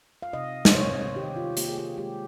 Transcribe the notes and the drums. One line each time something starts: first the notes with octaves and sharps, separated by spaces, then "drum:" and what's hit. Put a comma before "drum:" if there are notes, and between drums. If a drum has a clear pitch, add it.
F5
C3 D#5
C5, drum: snare
C3 C#5
D#3 G4
F4
A#3 G4, drum: hi-hat
G#4
G4
G#3 G4